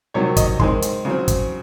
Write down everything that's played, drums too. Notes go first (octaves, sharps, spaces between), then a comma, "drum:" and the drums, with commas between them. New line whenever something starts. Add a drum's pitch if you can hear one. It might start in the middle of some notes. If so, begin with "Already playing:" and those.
C3 D#3 F#3 C#5
D#5, drum: kick, hi-hat
D#3 G#3 C4 C6, drum: kick
drum: hi-hat
C#3 F#3 C4
drum: kick, hi-hat